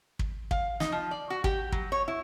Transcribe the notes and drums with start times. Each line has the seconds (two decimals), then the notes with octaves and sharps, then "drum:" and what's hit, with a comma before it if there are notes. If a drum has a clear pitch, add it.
0.19 drum: kick
0.51 F5, drum: kick
0.80 D#4, drum: snare
0.92 F3
1.11 D5
1.30 F#4
1.44 G4, drum: kick
1.72 F#3, drum: kick
1.92 C#5
2.08 E4